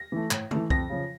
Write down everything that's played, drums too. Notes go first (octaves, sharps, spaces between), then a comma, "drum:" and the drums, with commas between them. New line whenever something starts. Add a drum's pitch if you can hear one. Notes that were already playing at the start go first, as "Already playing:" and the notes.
Already playing: A#6
E3 A3
A2, drum: clap
E3 A3, drum: tom
F2 A#6, drum: kick C2
C#3 F3